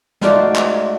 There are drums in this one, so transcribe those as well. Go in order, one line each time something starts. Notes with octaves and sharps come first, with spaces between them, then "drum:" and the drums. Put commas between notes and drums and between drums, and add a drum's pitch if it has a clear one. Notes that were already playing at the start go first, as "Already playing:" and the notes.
G#2 A3 F4 F#4 D5 D6, drum: snare
drum: clap